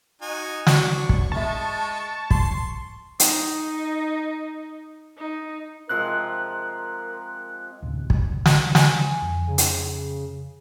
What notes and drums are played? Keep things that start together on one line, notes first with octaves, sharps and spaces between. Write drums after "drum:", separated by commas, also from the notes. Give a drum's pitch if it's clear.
D#4 F#4 G#5
D2 D4 F#4 C#5 C#6, drum: snare
drum: kick
G#3 D#5 E5 A5
C6, drum: kick
D#4, drum: hi-hat
D#4
C3 F3 G#3 A#4 F#6
D2 A2 C3
drum: kick
drum: snare
G#5, drum: snare
F2
C#3
drum: hi-hat